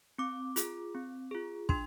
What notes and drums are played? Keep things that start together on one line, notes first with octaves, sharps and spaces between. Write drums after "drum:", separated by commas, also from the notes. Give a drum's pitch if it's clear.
C4 D6
F4 G#4, drum: hi-hat
C4
F4 G#4
D4 C6, drum: kick